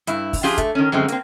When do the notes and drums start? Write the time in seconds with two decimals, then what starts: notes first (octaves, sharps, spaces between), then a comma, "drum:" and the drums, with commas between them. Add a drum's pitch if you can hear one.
0.07 G2 E4, drum: hi-hat
0.33 drum: kick, open hi-hat
0.43 F3 D4 F4 G4 G#4
0.58 A3, drum: kick, hi-hat
0.75 D#3 C#4
0.92 F#2 D3 F3 G#3 C4
1.08 A#3 C4, drum: hi-hat